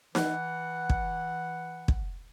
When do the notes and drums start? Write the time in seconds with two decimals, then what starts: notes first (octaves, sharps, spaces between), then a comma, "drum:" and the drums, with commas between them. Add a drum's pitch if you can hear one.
0.15 E3 F#5, drum: snare D#4
0.90 drum: kick
1.88 drum: kick